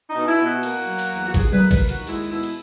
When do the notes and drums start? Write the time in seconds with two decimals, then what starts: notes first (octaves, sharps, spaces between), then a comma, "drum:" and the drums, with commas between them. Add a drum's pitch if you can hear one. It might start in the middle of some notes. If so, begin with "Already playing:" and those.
0.08 D#4
0.15 B2
0.27 E4
0.38 B2
0.44 F#4
0.63 A#3, drum: cymbal
0.86 F#3
0.99 drum: cymbal
1.11 E2
1.28 F#4
1.34 D#2 G#4, drum: kick G#1, cymbal
1.53 B4, drum: tom F#3
1.59 A#3
1.71 B4, drum: kick G#1, cymbal
1.83 D#2
1.89 F#4, drum: cymbal
2.07 G#3 E4, drum: cymbal
2.31 B2 E4
2.43 drum: cymbal